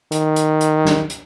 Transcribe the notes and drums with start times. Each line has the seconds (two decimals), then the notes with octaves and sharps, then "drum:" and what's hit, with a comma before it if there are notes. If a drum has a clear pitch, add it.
0.12 D#3, drum: hi-hat
0.36 drum: hi-hat
0.61 drum: hi-hat
0.85 drum: snare
1.10 drum: hi-hat